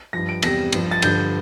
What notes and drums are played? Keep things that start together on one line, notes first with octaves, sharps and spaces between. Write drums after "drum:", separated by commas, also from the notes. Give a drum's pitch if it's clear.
G2 F3 A#6
D7
E2 C3 G3 A#6, drum: cymbal
G2 F3, drum: cymbal
A6
G2 D3 F3 G6, drum: cymbal